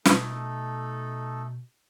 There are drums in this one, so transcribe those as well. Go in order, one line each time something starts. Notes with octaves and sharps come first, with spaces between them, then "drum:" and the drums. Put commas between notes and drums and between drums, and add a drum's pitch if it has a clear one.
B2 A3 D#4 A4, drum: snare